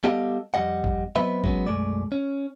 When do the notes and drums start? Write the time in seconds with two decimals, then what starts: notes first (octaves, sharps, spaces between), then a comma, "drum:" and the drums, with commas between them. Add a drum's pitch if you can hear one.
0.04 G3 B3 G4 A4 D#5 F5
0.54 F2 F#3 G3 D#5 F#5
0.84 drum: kick G#1
1.16 F#3 B3 C4 B4 D#5 E5
1.44 F#3 G#3 B3 C#4, drum: kick G#1
1.67 B1 F#2 G#3 A3 D5
2.12 C#4